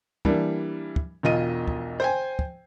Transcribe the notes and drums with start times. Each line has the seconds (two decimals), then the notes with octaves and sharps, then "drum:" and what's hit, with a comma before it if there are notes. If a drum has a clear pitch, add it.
0.25 E3 G3 A#3 D4, drum: kick
0.96 drum: kick
1.23 E1 B1 F4 D#5 D#7
1.68 drum: kick
2.00 C5 G5 G#5
2.39 drum: kick